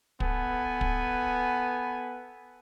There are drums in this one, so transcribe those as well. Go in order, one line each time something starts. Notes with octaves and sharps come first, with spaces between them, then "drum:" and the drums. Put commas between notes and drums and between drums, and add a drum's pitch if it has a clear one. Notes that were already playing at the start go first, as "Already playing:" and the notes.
B3 A4 G#5, drum: kick
drum: kick